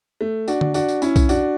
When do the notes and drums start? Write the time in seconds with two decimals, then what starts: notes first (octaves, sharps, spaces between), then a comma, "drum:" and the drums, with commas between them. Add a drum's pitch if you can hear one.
0.21 A3
0.48 D4 F#4, drum: tambourine
0.61 drum: tom D3
0.74 D4 F#4, drum: tambourine
0.88 drum: tambourine
1.02 C#4 E4, drum: tambourine
1.16 drum: kick B1, tambourine
1.29 D4 F#4, drum: tambourine